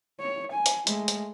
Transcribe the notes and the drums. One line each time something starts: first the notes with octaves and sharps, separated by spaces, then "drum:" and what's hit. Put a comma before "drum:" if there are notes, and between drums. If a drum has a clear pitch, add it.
C#5
G#5
drum: hi-hat
G#3 A3, drum: hi-hat
drum: hi-hat